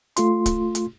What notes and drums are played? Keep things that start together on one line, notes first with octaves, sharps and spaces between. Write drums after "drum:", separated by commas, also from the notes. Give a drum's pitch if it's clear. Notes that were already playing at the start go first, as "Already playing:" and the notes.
A3 F4 C6, drum: hi-hat
drum: kick C#1, hi-hat
drum: hi-hat